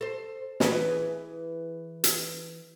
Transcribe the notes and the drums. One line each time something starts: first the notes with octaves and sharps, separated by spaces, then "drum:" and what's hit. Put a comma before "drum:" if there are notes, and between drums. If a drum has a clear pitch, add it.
A4 C5
E3 G#4 B4, drum: snare
drum: hi-hat